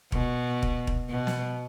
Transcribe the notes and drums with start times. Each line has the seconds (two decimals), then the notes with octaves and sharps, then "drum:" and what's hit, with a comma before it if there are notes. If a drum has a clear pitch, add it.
0.12 B2, drum: kick
0.63 drum: kick
0.87 drum: kick
1.09 B2
1.27 drum: snare